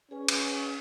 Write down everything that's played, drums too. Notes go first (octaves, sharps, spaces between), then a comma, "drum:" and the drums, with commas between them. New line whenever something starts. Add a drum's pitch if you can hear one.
C#4 G#4 B4 G#5
drum: cymbal